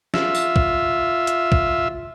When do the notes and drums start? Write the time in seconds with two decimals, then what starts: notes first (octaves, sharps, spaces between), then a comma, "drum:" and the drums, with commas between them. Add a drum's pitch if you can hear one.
0.14 F4 E5, drum: snare
0.35 drum: tambourine
0.56 drum: kick
1.27 drum: hi-hat
1.52 drum: kick